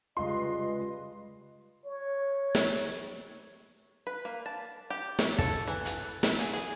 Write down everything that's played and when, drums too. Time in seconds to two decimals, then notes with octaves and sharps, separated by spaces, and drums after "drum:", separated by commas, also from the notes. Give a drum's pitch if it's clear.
0.17 C#3 G3 G#3 F4 B4 D#5 C6
1.86 C#5
2.55 drum: snare
4.07 B4
4.25 A#3
4.46 A5
4.90 G4
5.19 C#5, drum: snare
5.38 A4, drum: kick
5.68 E3
5.85 drum: hi-hat
6.23 E4, drum: snare
6.39 G#4, drum: hi-hat
6.54 G#4